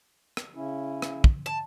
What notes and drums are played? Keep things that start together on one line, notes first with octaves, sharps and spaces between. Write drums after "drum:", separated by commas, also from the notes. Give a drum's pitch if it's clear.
drum: rim click
C#3 C#4 E4
drum: rim click
drum: kick
A5